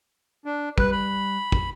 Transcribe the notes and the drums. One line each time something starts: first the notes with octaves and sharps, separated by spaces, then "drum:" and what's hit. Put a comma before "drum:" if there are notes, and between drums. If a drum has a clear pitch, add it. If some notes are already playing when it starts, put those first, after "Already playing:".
D4
G3 B4 F#6, drum: kick
B5
drum: kick